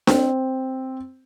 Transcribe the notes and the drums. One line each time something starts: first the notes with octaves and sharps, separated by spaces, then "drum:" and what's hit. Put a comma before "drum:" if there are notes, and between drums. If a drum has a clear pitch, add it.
C4, drum: snare D4